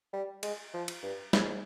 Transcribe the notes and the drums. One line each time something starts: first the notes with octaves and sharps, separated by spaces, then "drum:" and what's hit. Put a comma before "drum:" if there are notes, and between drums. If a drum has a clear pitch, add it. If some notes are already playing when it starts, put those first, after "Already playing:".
G3
G#3, drum: cymbal
F3
drum: cymbal
G2
G#2, drum: snare